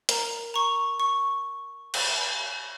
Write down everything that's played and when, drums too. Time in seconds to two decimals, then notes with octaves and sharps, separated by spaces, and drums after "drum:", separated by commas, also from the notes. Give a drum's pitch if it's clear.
0.09 A#4 A#5, drum: hi-hat
0.54 A#5 C#6
1.00 C#6
1.94 drum: cymbal